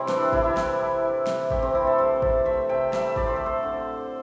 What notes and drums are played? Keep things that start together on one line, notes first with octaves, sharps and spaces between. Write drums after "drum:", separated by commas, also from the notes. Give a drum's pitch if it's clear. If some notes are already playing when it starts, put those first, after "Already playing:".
Already playing: A2 C3 G3 A3 C4 E4 G4
E3 D4, drum: snare
D4
C3 E4, drum: kick G#1
E4
E3, drum: snare
C3
E3
C3, drum: snare
A3 G4, drum: kick G#1
C4
C3 E4
A4
G3 C5
C3, drum: kick G#1
A3 E5
C3 G5
G3 E5, drum: snare
A2 D5, drum: kick G#1
C5
A3 A4
C5
D3